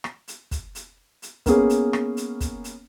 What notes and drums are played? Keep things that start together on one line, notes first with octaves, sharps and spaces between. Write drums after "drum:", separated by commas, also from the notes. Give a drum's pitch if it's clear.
drum: rim click
drum: hi-hat
drum: kick, hi-hat
drum: hi-hat
drum: hi-hat
A#3 B3 C#4 G#4 A#4, drum: kick, hi-hat
drum: hi-hat
drum: rim click
drum: hi-hat
drum: kick, hi-hat
drum: hi-hat